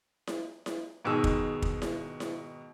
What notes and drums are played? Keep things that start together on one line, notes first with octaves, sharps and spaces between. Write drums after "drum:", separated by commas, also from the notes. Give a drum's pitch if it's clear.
drum: snare E4
drum: snare E4
G#2 B2 D#3 G#3 E6
drum: kick
drum: kick
drum: snare E4
drum: snare E4